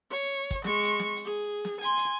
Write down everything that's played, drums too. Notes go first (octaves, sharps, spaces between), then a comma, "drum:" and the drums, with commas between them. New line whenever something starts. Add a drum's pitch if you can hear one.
C#5
drum: kick, hi-hat
G#3 C#6, drum: snare
drum: hi-hat
drum: snare
drum: hi-hat
G#4
drum: snare
G#5 C6, drum: hi-hat
drum: hi-hat